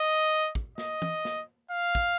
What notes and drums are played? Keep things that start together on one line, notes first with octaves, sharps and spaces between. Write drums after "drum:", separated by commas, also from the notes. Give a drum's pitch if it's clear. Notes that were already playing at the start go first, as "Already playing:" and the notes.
Already playing: D#5
drum: kick
D#5, drum: snare
drum: tom E3
drum: snare
F5
drum: kick